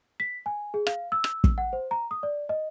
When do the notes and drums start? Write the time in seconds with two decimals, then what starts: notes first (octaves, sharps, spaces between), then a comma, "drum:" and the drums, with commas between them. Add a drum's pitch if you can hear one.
0.20 B6
0.46 G#5
0.74 G#4
0.87 F5, drum: rim click
1.12 E6
1.24 drum: rim click
1.44 drum: kick
1.58 F#5
1.73 C5
1.91 A#5
2.11 D#6
2.23 D5
2.49 D#5